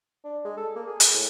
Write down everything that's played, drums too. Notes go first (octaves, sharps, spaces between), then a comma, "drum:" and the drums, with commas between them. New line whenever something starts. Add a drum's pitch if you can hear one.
D4
G#3
A4
A#3
G#4
drum: hi-hat
A2